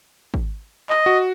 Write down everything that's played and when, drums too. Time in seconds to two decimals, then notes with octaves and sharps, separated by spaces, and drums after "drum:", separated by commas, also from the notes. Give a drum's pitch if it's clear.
0.34 drum: kick G#1
0.90 D#5, drum: clap
1.06 F#4